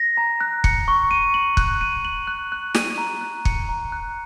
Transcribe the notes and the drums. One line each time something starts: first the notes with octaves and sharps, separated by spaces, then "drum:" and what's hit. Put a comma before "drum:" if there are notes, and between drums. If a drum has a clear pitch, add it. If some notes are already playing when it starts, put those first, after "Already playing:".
Already playing: A#6
A#5
F#6
C#7, drum: kick
C#6
D#7
F#7
F#6, drum: kick
D#7
F#7
F#6
F#6
D#7, drum: snare
A#5
F#6
C#7, drum: kick
A#5
F#6